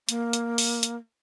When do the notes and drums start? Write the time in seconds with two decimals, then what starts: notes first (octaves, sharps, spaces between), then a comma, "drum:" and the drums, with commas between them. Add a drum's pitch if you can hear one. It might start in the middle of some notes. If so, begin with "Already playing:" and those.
0.09 A#3, drum: hi-hat
0.33 drum: hi-hat
0.58 drum: open hi-hat
0.83 drum: hi-hat